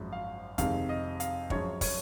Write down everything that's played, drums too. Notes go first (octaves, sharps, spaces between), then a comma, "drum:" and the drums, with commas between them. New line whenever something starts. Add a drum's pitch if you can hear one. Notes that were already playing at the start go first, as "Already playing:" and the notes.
Already playing: G#1 F#2 F3 G#3
F5
F2 C3 D#3 G#3 F5, drum: kick, hi-hat
D#5
F5, drum: hi-hat
F#2 F3 G#3 C#5, drum: kick
C#5, drum: kick, open hi-hat